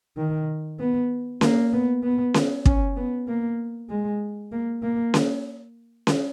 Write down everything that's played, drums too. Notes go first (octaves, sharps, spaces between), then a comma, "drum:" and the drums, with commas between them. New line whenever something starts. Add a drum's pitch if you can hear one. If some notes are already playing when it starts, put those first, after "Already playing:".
D#3
B3
A#3, drum: snare C#4
B3
B3
drum: snare C#4
C#4, drum: kick
B3
A#3
G#3
A#3
A#3
drum: snare C#4
drum: snare C#4